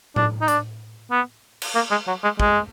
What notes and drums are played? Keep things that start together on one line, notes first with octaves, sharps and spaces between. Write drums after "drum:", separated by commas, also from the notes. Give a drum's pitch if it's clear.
D4, drum: tom A2
D#4
D4, drum: hi-hat
B3
drum: cymbal
A#3
G#3
F#3
G#3
G#3, drum: kick